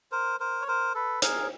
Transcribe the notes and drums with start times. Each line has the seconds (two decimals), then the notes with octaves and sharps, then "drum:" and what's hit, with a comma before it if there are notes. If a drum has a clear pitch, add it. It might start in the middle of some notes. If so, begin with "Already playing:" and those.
0.12 A#4 C5
0.40 A#4 C5
0.62 C#5
0.68 A#4 C5
0.95 A4 B4
1.22 G#4 A#4, drum: hi-hat